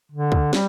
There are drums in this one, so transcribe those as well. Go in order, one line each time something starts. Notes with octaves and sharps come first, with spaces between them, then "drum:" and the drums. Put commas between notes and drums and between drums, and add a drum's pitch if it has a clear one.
D3
drum: kick C#2
G3, drum: snare